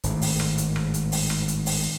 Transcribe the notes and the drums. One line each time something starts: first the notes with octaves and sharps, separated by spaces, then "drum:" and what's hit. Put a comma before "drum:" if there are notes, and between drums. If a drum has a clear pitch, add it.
G#1 A2, drum: hi-hat
drum: open hi-hat
drum: rim click
drum: hi-hat
drum: rim click
drum: hi-hat
drum: open hi-hat
drum: rim click
drum: hi-hat
drum: open hi-hat